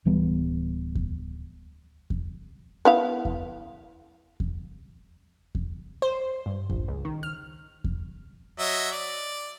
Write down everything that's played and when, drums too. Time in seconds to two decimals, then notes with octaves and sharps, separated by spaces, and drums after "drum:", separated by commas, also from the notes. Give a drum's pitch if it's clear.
0.05 D1 E3 G3 B3
0.95 drum: kick E2
2.10 drum: kick E2
2.85 B3 E4 F5
3.25 drum: kick E2
4.40 drum: kick E2
5.55 drum: kick E2
6.02 C5
6.46 G2
6.70 A#1, drum: kick E2
6.88 C#2
7.05 D#3
7.23 F6
7.84 drum: kick E2
8.59 F#3 D#5 E5
8.92 D5